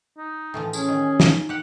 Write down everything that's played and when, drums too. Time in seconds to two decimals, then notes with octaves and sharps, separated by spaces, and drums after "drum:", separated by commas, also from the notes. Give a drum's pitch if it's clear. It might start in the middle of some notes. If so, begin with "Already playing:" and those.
0.17 D#4
0.54 A2 E3 F3 G#5
0.73 C#4 G#4, drum: tambourine
0.89 D#3
1.20 D#4, drum: snare
1.49 G4 F#5